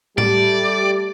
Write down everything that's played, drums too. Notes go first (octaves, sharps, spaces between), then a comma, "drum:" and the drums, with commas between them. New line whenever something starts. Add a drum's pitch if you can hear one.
G3 A3 G4 D5, drum: tom A2